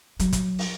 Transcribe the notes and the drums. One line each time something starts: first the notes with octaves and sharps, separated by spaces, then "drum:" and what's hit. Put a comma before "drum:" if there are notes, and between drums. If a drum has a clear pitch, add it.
F#3, drum: hi-hat
drum: kick, hi-hat
drum: open hi-hat